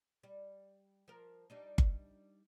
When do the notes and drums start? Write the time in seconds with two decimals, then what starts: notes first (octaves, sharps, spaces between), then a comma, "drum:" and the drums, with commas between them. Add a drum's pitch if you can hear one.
0.23 G3
1.08 F3 A#4
1.50 G3 D4 D#4
1.78 drum: kick G1